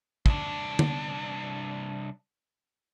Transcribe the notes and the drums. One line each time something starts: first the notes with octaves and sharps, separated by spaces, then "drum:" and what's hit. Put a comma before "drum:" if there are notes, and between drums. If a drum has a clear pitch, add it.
C2 D4, drum: kick
drum: tom D3